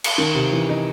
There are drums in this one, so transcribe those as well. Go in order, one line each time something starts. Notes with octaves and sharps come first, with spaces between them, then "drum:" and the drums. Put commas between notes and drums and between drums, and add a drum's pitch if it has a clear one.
drum: cymbal
D#3
C3
E3
D#4